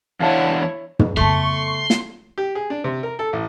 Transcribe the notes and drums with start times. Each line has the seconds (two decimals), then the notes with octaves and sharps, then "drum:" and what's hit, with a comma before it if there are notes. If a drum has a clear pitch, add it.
0.20 E2 D4 E4 C#5 F5 F#5 A5
0.99 drum: tom
1.17 C#3 A3 B3 C6 C#6
1.90 drum: snare
2.38 G4
2.55 G#4
2.70 D4
2.84 C3
3.03 A#4
3.19 A4
3.33 A1